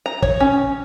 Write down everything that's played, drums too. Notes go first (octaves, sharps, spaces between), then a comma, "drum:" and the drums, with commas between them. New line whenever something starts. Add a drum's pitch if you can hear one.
A#5
C#5, drum: kick
C#4